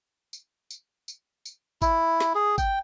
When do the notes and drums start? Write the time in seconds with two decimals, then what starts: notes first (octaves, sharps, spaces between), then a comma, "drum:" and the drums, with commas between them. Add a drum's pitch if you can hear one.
0.33 drum: tambourine
0.71 drum: tambourine
1.08 drum: tambourine
1.45 drum: tambourine
1.82 E4, drum: kick G1, tambourine
2.20 drum: snare
2.35 G#4
2.58 G5, drum: kick G1, tambourine